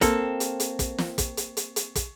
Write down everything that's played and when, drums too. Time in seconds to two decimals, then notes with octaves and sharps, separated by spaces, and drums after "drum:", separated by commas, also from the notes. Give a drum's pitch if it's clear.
0.01 A#3 C4 A4, drum: kick, hi-hat
0.40 drum: hi-hat
0.60 drum: hi-hat
0.79 drum: kick, hi-hat
0.98 drum: snare
1.18 drum: kick, hi-hat
1.37 drum: hi-hat
1.57 drum: hi-hat
1.76 drum: hi-hat
1.95 drum: kick, hi-hat